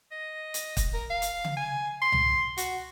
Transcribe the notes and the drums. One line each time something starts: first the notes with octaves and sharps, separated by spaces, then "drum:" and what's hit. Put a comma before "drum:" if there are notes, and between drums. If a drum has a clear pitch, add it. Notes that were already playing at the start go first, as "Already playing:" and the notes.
D#5
drum: hi-hat
drum: kick, hi-hat
A#4
F5
drum: hi-hat
drum: tom C#3
G#5
C6
drum: tom C#2
F#4, drum: hi-hat